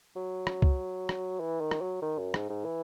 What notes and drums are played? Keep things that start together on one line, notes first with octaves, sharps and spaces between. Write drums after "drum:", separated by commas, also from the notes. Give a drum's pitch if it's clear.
F#3
drum: rim click
drum: kick C2
drum: rim click
E3
D#3
drum: rim click
F#3
D#3
F#2
G#2, drum: rim click
G#2
E3